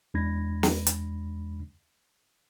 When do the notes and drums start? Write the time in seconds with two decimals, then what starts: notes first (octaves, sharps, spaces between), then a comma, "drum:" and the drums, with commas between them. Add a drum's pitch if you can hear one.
0.14 E2 G#3 D4 B5 G#6 A#6
0.63 drum: snare
0.87 drum: hi-hat